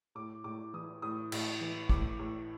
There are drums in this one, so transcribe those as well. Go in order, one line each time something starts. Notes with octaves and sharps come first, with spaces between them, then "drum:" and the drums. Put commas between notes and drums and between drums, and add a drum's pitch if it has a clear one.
A2 D6
A2 D6
E3 D#6
A2 D#6
A2, drum: cymbal
E3
A2 D6, drum: kick
A2